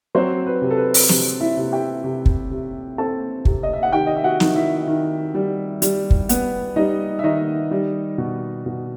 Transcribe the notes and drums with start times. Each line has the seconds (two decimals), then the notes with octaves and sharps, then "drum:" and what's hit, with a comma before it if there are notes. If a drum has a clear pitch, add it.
0.15 F#3 C4 C5
0.46 B4
0.62 C3
0.71 A4
0.77 B4
0.94 drum: open hi-hat
1.09 C3, drum: snare
1.40 E4 E5
1.57 C3
1.72 G4 G5
2.04 C3
2.26 drum: kick
2.51 C3
2.98 C4 A4 A5
3.45 C3, drum: kick
3.63 D#5
3.73 E5
3.83 F#5
3.93 D#3 G4 G5
4.07 D#5
4.16 E5
4.24 F#4 F#5
4.40 D#3, drum: snare
4.56 E4 E5
4.87 D#3
5.35 G3
5.82 G3, drum: hi-hat
6.10 drum: kick
6.29 B3, drum: hi-hat
6.76 G3 D#4 D#5
7.19 E5
7.24 D#3 D#4 D#5
7.71 G3
8.18 B2
8.66 B2